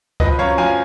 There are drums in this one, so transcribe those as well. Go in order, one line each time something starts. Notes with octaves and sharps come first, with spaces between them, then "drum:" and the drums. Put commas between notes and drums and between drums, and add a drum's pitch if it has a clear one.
F3 B4 D#5, drum: kick C#2
F#2 C#5 F5
F3 F5 G#5